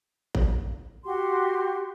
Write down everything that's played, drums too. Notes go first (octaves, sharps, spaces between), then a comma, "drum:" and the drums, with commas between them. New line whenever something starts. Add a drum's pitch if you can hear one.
drum: kick A1
F#4 G4 C6